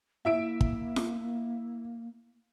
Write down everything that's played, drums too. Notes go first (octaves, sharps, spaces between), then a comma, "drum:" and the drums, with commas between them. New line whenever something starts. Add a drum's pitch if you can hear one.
A#3 E4 E5 D7
drum: kick
drum: snare